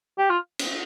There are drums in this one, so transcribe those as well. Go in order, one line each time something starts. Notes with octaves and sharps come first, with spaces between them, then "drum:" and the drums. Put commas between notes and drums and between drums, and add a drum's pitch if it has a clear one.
G4
F4
drum: cymbal